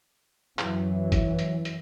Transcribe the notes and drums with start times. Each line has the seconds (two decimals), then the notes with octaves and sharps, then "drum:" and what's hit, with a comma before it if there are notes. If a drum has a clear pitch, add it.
0.59 F#2 E3 F#3, drum: clap
1.12 drum: kick G1, hi-hat
1.39 drum: hi-hat
1.65 drum: hi-hat